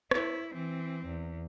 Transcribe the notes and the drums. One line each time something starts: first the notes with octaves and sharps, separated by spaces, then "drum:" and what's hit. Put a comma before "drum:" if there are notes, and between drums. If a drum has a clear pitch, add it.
E4, drum: rim click
E3 C4
E2